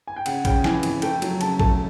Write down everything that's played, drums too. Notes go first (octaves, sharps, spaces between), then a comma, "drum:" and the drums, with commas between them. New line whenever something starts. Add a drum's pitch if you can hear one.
G#5
G5
C#3 F#5, drum: cymbal
C#3 G5, drum: kick, cymbal
E3 G#5, drum: snare
F2, drum: cymbal
A3 G5, drum: cymbal
F#3, drum: cymbal
C#3 A5, drum: cymbal
A3 A5, drum: kick